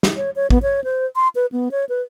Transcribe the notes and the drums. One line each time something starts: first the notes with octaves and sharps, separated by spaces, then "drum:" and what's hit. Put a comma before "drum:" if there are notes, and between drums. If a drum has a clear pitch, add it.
drum: snare
C#5
C#5
B3, drum: kick
C#5
C5
C6
B4
B3
C#5
B4